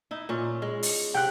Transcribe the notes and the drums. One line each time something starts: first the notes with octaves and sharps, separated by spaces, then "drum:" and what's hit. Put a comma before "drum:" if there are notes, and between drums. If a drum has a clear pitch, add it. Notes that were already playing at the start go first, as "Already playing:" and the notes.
D#4 E4
A#2 C#4
G#3
drum: open hi-hat
C3 G5 F#6